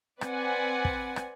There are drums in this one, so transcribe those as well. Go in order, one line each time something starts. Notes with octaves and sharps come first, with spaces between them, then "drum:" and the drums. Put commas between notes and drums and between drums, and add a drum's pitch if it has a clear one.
C4 B4 D5 F#5 G#5, drum: rim click
drum: kick
drum: rim click